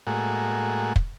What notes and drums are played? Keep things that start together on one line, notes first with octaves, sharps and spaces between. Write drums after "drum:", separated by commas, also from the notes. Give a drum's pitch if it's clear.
A2 G#3 A#3 F#4
drum: kick